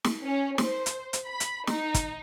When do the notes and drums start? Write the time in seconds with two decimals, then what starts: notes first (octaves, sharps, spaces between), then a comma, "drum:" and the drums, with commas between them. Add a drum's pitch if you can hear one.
0.04 drum: snare
0.23 C#4
0.58 C5, drum: snare
0.86 drum: hi-hat
1.13 drum: hi-hat
1.26 B5
1.40 drum: hi-hat
1.67 D#4, drum: snare
1.94 drum: kick, hi-hat